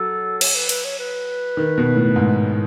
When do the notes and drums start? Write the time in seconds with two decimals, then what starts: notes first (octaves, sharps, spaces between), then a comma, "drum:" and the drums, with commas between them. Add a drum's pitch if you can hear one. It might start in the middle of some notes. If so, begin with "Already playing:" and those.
Already playing: F#3 A4
0.41 C#5, drum: cymbal
0.55 B4
0.69 B4, drum: cymbal
0.84 C#5
0.99 B4
1.57 D#3
1.78 B2
1.96 A2
2.16 G#2